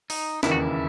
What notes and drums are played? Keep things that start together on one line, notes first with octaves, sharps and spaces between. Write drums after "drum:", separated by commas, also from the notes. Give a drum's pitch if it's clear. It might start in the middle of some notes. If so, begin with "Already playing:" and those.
D#4, drum: open hi-hat
E1 D#2 C#3 E3 A#3 E4, drum: snare
F#4
E4